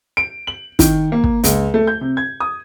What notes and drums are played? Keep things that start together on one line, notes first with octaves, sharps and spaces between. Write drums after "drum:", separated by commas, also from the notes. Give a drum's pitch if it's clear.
D7
F#7
D#3, drum: kick, hi-hat
A#3
drum: kick
C#2, drum: hi-hat
A3
G6
C3
G#6
D#6